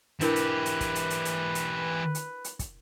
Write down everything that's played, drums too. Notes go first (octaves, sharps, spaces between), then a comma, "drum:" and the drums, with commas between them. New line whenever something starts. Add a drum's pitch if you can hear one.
E3 D4 E4 G4 A#4 B4, drum: hi-hat
drum: hi-hat
drum: hi-hat
drum: kick, hi-hat
drum: hi-hat
drum: hi-hat
drum: hi-hat
drum: hi-hat
drum: hi-hat
drum: hi-hat
drum: kick, hi-hat